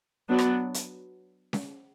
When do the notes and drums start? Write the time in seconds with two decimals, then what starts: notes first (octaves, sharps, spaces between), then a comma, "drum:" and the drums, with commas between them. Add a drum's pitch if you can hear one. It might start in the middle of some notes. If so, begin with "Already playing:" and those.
0.29 F#3 B3 D4
0.39 drum: rim click
0.74 drum: hi-hat
1.53 drum: snare C#4